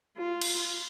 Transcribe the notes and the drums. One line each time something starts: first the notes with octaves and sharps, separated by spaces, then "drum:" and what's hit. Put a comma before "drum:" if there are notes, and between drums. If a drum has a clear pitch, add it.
F4
drum: cymbal